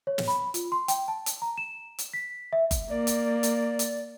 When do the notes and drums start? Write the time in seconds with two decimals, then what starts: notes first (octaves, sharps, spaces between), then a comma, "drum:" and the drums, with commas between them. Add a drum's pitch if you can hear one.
0.07 C#5
0.18 drum: snare
0.28 B5
0.54 F4, drum: hi-hat
0.72 C6
0.88 G5, drum: hi-hat
1.08 A5
1.26 drum: hi-hat
1.42 A#5
1.57 E7
1.98 drum: hi-hat
2.13 B6
2.53 E5
2.71 drum: kick F#1, hi-hat
2.90 A#3 D5
3.07 drum: hi-hat
3.43 drum: hi-hat
3.79 drum: hi-hat